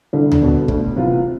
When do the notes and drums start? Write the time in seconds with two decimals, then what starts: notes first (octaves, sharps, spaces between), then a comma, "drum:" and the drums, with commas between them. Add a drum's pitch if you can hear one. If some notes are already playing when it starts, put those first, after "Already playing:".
0.13 C2 D3
0.32 drum: tom D2
0.41 B2 B3 D4
0.68 D2, drum: kick
0.96 C3 E3 B3 F4